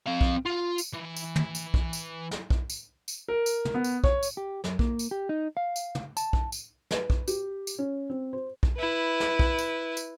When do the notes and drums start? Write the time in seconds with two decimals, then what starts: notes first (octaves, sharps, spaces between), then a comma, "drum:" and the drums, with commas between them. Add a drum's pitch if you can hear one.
0.06 C4 F5
0.21 drum: kick
0.45 F4
0.78 drum: tambourine
0.93 E3
1.16 drum: tambourine
1.36 drum: tom
1.55 drum: tambourine
1.74 drum: kick
1.93 drum: tambourine
2.31 drum: snare
2.50 drum: kick
2.70 drum: tambourine
3.08 drum: tambourine
3.28 A#4
3.46 drum: tambourine
3.65 drum: tom
3.74 B3
3.84 drum: tambourine
4.04 C#5, drum: kick
4.23 drum: tambourine
4.37 G4
4.64 F#2, drum: snare
4.79 A#3, drum: kick
4.99 drum: tambourine
5.11 G4
5.29 D#4
5.57 F5
5.76 drum: tambourine
5.95 drum: tom
6.17 A5, drum: tambourine
6.33 drum: kick
6.52 drum: tambourine
6.91 B4, drum: snare
7.10 drum: kick
7.28 G4, drum: tambourine
7.67 drum: tambourine
7.79 C#4
8.10 C4
8.33 C5
8.63 drum: kick
8.77 E4 B4
9.20 drum: snare
9.39 drum: kick
9.59 drum: tambourine
9.97 drum: tambourine